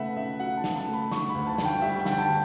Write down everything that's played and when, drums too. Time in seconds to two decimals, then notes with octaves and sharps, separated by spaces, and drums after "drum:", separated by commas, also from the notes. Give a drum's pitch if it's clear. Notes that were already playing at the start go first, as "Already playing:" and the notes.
Already playing: C#3 A3 B4 E5 F#5
0.16 C#2 E5
0.39 F#3 F#5
0.57 A5
0.64 C#3, drum: snare
0.76 A5
0.88 A3
0.93 B5
1.11 D3 C#6, drum: snare
1.29 B5
1.35 D2
1.47 A5
1.58 D2, drum: snare
1.65 G5
1.82 G3 E5
2.00 G5
2.05 D3, drum: snare
2.12 G5
2.18 A5